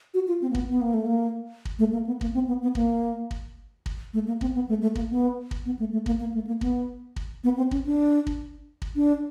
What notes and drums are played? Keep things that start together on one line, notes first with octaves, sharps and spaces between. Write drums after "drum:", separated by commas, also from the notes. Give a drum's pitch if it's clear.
F#4
F4
C4
A#3
B3, drum: kick
B3
A#3
A3
A#3
drum: kick
A3
A#3
B3
A#3, drum: kick
C4
B3
B3
A#3, drum: kick
drum: kick
drum: kick
A3
A#3
C4, drum: kick
B3
A3
A3
A#3, drum: kick
B3
drum: kick
B3
A3
A3
A#3, drum: kick
A#3
A3
A#3
B3, drum: kick
drum: kick
B3
C4
C#4, drum: kick
D4
drum: kick
drum: kick
D4